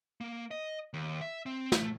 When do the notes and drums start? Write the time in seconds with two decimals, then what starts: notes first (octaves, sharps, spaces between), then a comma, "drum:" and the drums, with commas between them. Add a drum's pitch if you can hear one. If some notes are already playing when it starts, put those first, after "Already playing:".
0.21 A#3
0.51 D#5
0.94 D#2
1.21 E5
1.46 C4
1.72 A3, drum: snare